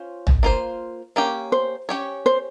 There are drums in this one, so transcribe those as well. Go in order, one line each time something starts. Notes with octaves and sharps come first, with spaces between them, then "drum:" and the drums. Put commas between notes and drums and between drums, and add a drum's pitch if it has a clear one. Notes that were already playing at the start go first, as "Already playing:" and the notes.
Already playing: C#4 F4 C5
drum: tom
A#3 F4 C5
A#3 C#4 G4
C5
C#4 G4 C#5
C5